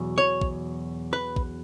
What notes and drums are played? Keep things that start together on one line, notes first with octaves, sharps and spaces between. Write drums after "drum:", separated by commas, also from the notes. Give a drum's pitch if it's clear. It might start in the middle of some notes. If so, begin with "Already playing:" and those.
Already playing: E2 B2 F#3
C#5
drum: kick A#1
B4
drum: kick A#1